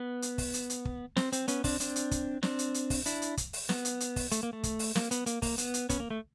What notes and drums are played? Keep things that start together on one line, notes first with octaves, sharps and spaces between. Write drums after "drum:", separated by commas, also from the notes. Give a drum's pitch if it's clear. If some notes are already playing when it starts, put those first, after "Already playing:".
Already playing: B3
drum: hi-hat
drum: kick, open hi-hat
drum: hi-hat
drum: hi-hat
drum: kick
C4, drum: snare
C4, drum: hi-hat
B3 C#4, drum: hi-hat
C4 D4, drum: kick, open hi-hat
C4 D4, drum: hi-hat
drum: hi-hat
drum: kick, hi-hat
C4 D4, drum: snare
drum: hi-hat
drum: hi-hat
drum: kick, open hi-hat
D4 E4, drum: hi-hat
drum: hi-hat
drum: kick, hi-hat
drum: open hi-hat
B3, drum: snare
drum: hi-hat
drum: hi-hat
drum: kick, open hi-hat
A3, drum: hi-hat
A#3
A3
drum: kick, hi-hat
drum: open hi-hat
A#3, drum: snare
B3, drum: hi-hat
A#3, drum: hi-hat
A#3, drum: kick, open hi-hat
B3, drum: hi-hat
drum: hi-hat
B3 C#4, drum: kick, hi-hat
A#3
A3